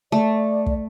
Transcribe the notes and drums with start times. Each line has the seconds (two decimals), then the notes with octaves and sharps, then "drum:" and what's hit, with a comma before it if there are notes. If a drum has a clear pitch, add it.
0.12 A3 D5
0.66 drum: kick